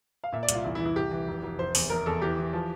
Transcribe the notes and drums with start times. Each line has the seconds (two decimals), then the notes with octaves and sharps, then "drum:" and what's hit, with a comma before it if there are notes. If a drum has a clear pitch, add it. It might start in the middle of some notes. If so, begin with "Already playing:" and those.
0.24 F5
0.33 A#2 E5
0.43 D5
0.49 C2, drum: hi-hat
0.54 F4
0.64 E2 E4
0.75 E4
0.80 E3
0.86 E4
0.96 C2 G4
1.11 E3
1.27 F1
1.43 F1
1.59 F1 C5
1.75 E2, drum: open hi-hat
1.90 F1 A#4
2.06 E2 A4
2.22 E3 G4
2.38 E3
2.53 F3